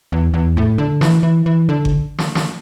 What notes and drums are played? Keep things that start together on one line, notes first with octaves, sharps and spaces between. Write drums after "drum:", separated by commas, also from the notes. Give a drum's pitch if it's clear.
E2
E2
A2
D3
E3, drum: snare
E3
E3
D3
drum: kick G1
drum: snare
drum: snare